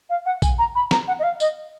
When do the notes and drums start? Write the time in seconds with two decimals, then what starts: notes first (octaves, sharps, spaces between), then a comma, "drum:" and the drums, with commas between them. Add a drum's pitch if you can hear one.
0.09 F5
0.25 F#5
0.42 G#5, drum: kick A#1, tambourine
0.58 A#5
0.75 B5
0.91 A#5, drum: snare
1.07 F#5
1.19 D#5
1.23 F5
1.40 D#5, drum: tambourine